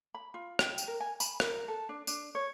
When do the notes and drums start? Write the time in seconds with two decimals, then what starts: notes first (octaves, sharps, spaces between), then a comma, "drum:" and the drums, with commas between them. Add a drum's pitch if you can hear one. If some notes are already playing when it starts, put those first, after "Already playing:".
0.14 B5
0.34 F4
0.59 G5, drum: rim click
0.78 drum: tambourine
0.87 A#4
1.00 G#5
1.20 B5, drum: tambourine
1.40 A#4, drum: rim click
1.68 A4
1.89 D4
2.07 D4, drum: tambourine
2.35 C#5